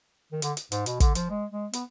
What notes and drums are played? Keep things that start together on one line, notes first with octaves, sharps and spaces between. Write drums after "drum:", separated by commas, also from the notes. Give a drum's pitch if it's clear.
D#3
D3, drum: hi-hat
drum: hi-hat
G#2, drum: hi-hat
B2, drum: hi-hat
D3, drum: kick, hi-hat
F3, drum: hi-hat
G#3
G#3
B3, drum: hi-hat